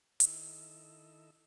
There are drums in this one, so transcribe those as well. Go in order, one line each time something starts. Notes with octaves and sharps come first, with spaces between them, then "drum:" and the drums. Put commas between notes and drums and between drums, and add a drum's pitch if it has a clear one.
D#3 E4 A4 D#5 E6, drum: hi-hat